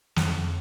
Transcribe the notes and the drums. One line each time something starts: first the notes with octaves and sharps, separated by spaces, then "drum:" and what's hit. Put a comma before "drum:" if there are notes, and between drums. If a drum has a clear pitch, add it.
F2, drum: snare